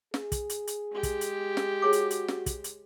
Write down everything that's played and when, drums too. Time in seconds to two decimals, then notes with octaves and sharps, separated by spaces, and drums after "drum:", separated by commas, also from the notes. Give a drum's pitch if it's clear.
0.14 G#4, drum: snare
0.32 drum: kick, hi-hat
0.50 drum: hi-hat
0.67 drum: hi-hat
0.92 G#3 G4
1.03 drum: kick, hi-hat
1.21 drum: hi-hat
1.57 drum: snare
1.82 F#4 G#4 C#5 D6
1.93 drum: hi-hat
2.11 drum: hi-hat
2.28 drum: snare
2.46 drum: kick, hi-hat
2.64 drum: hi-hat